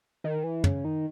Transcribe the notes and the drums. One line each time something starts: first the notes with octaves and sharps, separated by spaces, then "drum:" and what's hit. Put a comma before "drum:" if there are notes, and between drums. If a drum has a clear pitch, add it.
D#3
E3
C#3, drum: tom
D#3